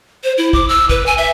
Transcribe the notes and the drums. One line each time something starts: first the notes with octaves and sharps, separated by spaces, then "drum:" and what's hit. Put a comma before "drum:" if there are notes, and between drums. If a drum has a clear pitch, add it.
C5
E4
D6, drum: kick
E6
B4, drum: kick
G#5
E5